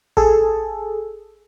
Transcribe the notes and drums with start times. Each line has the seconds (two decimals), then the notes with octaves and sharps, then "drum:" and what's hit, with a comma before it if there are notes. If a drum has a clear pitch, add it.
0.17 G#4 A4, drum: kick A1